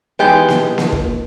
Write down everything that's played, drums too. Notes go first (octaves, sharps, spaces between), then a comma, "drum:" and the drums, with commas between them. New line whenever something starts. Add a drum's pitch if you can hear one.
E3 G#3 B3 D#4 G4
drum: snare A#3
drum: snare A#3
drum: kick